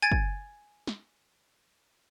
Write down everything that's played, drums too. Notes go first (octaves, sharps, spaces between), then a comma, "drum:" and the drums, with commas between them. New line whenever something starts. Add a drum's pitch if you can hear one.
G#5 G#6 A6 D7
drum: kick
drum: snare